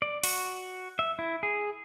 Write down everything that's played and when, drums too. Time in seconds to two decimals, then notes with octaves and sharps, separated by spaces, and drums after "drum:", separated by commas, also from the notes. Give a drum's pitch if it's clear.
0.02 D5
0.24 F#4, drum: open hi-hat
0.99 E5
1.19 E4
1.43 G#4